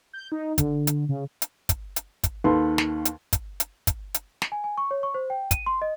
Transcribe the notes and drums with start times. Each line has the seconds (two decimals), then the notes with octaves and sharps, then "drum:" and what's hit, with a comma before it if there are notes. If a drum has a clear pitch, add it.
0.13 G6
0.32 D#4
0.58 D3, drum: kick, hi-hat
0.87 drum: hi-hat
1.09 C#3
1.42 drum: hi-hat
1.69 drum: kick, hi-hat
1.96 drum: hi-hat
2.24 drum: kick, hi-hat
2.44 D#2 D#3 A4 B4 C6
2.78 drum: snare
3.05 drum: hi-hat
3.33 drum: kick, hi-hat
3.60 drum: hi-hat
3.87 drum: kick, hi-hat
4.14 drum: hi-hat
4.42 drum: snare
4.52 G#5
4.64 G#5
4.78 C#6
4.91 C#5
5.03 C#6
5.14 C5
5.30 G5
5.51 D#7, drum: kick, hi-hat
5.66 C6
5.82 D#5